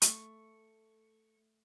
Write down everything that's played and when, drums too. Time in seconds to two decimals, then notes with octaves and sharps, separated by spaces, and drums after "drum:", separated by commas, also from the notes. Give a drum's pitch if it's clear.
0.02 A3 C#6, drum: hi-hat